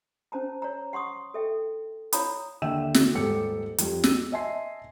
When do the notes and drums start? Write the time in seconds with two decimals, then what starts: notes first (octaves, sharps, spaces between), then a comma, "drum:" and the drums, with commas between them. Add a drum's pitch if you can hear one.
0.32 C#4 C5 A5 A#5
0.62 C#5 A#5
0.93 F#5 C6 C#6 D#6
1.34 A4 E5 G5
2.13 E4 C#5 F5 A#5 B5 D#6, drum: hi-hat
2.62 D#2 D3 E5 G5 E6 E7
2.94 drum: snare
3.14 D#1 G#2 G4 A4 E6 C#7
3.78 F2 G3, drum: hi-hat
4.04 E6 D#7, drum: snare
4.32 D#5 E5 G#5 A5 C6 C7